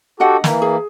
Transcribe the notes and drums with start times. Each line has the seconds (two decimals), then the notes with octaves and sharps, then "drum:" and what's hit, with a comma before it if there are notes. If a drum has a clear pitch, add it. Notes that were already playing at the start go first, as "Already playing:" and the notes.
0.20 D4 F#4 G4 A4 D#5 F#5
0.44 E3 A#3, drum: snare
0.62 G#4